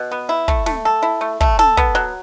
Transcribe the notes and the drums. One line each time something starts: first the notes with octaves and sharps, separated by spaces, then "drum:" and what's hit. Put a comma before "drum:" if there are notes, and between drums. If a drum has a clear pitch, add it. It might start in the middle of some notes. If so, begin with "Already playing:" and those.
Already playing: B2
B3
E4
A3, drum: kick
A3, drum: snare
A4
E4
A3
A3, drum: kick
A4, drum: snare
B3, drum: kick
F#3